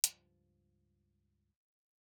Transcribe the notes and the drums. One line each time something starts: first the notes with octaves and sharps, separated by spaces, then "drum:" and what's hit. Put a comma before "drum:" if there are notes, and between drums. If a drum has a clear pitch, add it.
C#2 G2 F3, drum: hi-hat